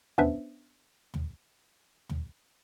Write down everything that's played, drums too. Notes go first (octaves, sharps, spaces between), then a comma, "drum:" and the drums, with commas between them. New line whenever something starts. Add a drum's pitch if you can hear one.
B3 C#4 D4 B4 C5 E5, drum: tom
drum: tom
drum: tom